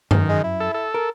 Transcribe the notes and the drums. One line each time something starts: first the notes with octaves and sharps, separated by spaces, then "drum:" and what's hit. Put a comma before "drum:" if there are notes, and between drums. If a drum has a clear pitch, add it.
F#2 D#3, drum: tom G2
G#3
E4
A4
A4
A#4